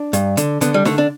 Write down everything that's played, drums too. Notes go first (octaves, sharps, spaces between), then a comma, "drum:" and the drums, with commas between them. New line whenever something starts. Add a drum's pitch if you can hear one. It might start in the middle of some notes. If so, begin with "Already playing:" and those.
Already playing: D4
G2, drum: hi-hat
D3, drum: hi-hat
D3 B3, drum: hi-hat
G3
D3 A3, drum: snare
D4